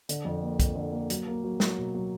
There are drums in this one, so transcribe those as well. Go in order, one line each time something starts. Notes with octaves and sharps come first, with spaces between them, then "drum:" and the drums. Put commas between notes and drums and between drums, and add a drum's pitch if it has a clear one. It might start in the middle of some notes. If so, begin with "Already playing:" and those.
D3, drum: hi-hat
F2
A#3
F2, drum: kick, hi-hat
D3
A#3
F#3, drum: hi-hat
A#3
F#3
F#3, drum: snare
B2
F#3